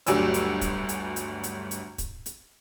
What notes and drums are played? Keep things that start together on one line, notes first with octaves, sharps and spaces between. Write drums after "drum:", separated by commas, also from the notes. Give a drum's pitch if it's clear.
G1 D2 F#3 G3 G#5 E6, drum: hi-hat
drum: hi-hat
drum: kick, hi-hat
drum: hi-hat
drum: hi-hat
drum: hi-hat
drum: hi-hat
drum: kick, hi-hat
drum: hi-hat